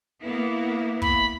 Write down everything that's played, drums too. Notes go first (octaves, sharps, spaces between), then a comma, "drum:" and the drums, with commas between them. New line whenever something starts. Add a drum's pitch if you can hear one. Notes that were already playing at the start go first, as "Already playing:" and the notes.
A#3 B3 E4
B5, drum: kick